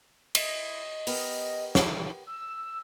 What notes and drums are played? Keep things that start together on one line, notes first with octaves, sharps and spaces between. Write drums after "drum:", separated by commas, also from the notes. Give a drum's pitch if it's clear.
E4 D#5, drum: cymbal
B3 G4 A#4, drum: open hi-hat
drum: snare
E6